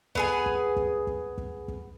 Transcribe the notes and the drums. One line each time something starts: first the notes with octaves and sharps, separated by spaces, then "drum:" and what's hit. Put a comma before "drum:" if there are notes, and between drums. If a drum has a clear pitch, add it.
B3 G#4 G#5, drum: kick
drum: kick
drum: kick
drum: kick
drum: kick
drum: kick